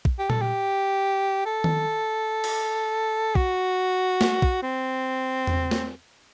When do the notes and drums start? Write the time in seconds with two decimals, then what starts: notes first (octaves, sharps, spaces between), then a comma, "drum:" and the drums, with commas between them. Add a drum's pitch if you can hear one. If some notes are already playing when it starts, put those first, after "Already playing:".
0.05 drum: kick
0.19 G4
0.30 A4, drum: tom A#2
0.41 G4
1.46 A4
1.64 drum: tom D#3
2.44 drum: cymbal
3.35 F#4, drum: kick
4.21 drum: snare
4.42 drum: kick
4.62 C4
5.47 drum: tom E2
5.71 drum: snare